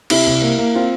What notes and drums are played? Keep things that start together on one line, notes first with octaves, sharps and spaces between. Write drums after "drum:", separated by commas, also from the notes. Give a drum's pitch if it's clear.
C3 E4, drum: cymbal
C2
A#3
A#3
C4 F4